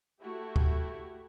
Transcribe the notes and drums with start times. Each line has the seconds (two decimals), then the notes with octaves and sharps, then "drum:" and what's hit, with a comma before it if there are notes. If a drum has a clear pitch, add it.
0.21 A3 E4 F#4 G4
0.56 drum: kick